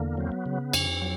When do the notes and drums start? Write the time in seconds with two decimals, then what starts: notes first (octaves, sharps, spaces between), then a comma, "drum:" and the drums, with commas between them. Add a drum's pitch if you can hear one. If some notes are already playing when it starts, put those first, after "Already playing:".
Already playing: E2 D3 A#3
0.17 F#3 C4
0.32 B3
0.46 C#3
0.73 F2, drum: cymbal
1.02 F#3